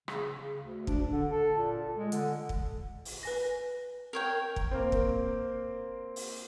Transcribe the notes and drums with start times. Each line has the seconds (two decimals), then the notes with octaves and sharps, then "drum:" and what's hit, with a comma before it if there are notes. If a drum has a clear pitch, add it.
0.08 C#3, drum: rim click
0.38 C#3
0.63 D2
0.87 D4, drum: kick
1.12 D3
1.30 A4
1.58 A#2
1.97 G#3
2.12 D3, drum: hi-hat
2.49 drum: kick
3.05 drum: open hi-hat
3.23 B4 G#5 A#6
4.13 A#4 C#5 G5
4.56 drum: kick
4.71 A#3 C4
4.92 drum: kick
6.16 drum: open hi-hat